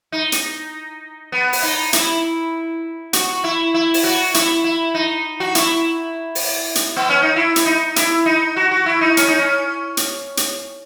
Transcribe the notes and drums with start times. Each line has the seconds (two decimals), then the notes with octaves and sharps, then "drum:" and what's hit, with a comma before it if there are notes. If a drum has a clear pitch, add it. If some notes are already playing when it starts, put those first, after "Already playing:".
0.12 D#4
0.32 drum: hi-hat
1.32 B3
1.53 drum: open hi-hat
1.63 D#4
1.93 E4, drum: hi-hat
3.13 F#4, drum: hi-hat
3.44 E4
3.74 E4
3.94 drum: open hi-hat
4.04 F#4
4.34 E4, drum: hi-hat
4.64 E4
4.95 D#4
5.40 F#4
5.55 E4, drum: hi-hat
6.35 drum: open hi-hat
6.75 drum: hi-hat
6.96 B3
7.09 C#4
7.22 D#4
7.36 E4
7.56 drum: hi-hat
7.66 D#4
7.96 E4, drum: hi-hat
8.26 D#4
8.56 F#4
8.71 F#4
8.86 E4
9.01 D#4
9.17 C#4, drum: hi-hat
9.28 D#4
9.39 C#4
9.97 drum: hi-hat
10.37 drum: hi-hat